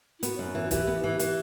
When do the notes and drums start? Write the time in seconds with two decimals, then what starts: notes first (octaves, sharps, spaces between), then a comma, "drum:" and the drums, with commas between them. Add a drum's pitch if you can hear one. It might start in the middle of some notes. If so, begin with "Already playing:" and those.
0.19 E4
0.23 B3 F#4, drum: hi-hat
0.39 F#2
0.55 E3
0.65 F#4
0.71 E3 G4, drum: kick, hi-hat
0.87 B3
1.04 E3
1.19 E3 G4, drum: hi-hat